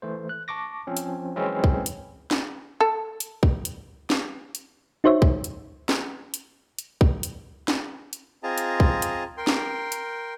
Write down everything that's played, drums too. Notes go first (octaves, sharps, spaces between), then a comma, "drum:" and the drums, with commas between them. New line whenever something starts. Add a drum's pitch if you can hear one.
E3 A3 C5
F#6
A5 C#6 D6 A#6
F3 C4 C#4
drum: hi-hat
E3 F#3 G#3 C4 C#4 E4
drum: kick
drum: hi-hat
drum: snare
A4
drum: hi-hat
drum: kick
drum: hi-hat
drum: snare
drum: hi-hat
D#4 F#4 C5 C#5 E5
drum: kick
drum: hi-hat
drum: snare
drum: hi-hat
drum: hi-hat
drum: kick
drum: hi-hat
drum: snare
drum: hi-hat
C4 F4 G#4 D#5 A5 A#5
drum: hi-hat
drum: kick
drum: hi-hat
A#4 G5 C6
drum: snare
drum: hi-hat